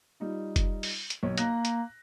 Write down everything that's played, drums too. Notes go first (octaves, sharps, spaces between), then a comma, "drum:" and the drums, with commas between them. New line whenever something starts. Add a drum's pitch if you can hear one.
G3 D#4 F4
drum: kick F1, hi-hat
drum: open hi-hat
drum: hi-hat
B1 C#5
A#3 F#6 A#6, drum: hi-hat
drum: hi-hat